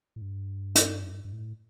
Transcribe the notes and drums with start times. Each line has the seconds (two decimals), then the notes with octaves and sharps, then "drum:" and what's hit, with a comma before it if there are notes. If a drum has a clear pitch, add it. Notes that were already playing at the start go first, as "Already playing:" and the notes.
0.16 A2
0.22 G2
0.75 drum: hi-hat
1.03 F#2
1.11 G2
1.25 G2
1.33 A2